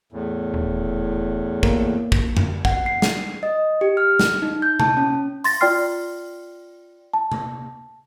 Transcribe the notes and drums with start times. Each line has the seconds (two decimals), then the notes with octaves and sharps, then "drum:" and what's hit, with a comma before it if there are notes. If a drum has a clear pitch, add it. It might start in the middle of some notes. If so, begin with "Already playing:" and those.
0.12 E2 A2
0.54 D#1
1.63 A#3, drum: kick
2.12 drum: kick
2.37 drum: tom F2
2.65 F#5, drum: kick
2.86 C7
3.02 drum: snare
3.43 D#5
3.81 G4
3.97 F6
4.19 drum: snare
4.42 D#4
4.62 G6
4.80 A5, drum: tom C3
4.97 C#4
5.44 C6 A6 A#6, drum: open hi-hat
5.61 F4 D5 G5 C6 F6 C7
7.14 A5
7.32 drum: tom C3